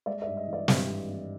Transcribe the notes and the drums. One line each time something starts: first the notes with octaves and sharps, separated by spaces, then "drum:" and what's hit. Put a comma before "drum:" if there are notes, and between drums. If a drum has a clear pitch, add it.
G#3 D5 E5
D5 E5
G2
D#5
E3
D5 E5
G2, drum: snare
G#1
E3